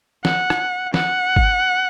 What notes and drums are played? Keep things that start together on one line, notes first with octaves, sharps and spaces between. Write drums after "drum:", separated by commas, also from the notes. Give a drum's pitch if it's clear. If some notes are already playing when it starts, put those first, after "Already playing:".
F#5, drum: snare
drum: rim click
F#5, drum: snare
drum: kick G#1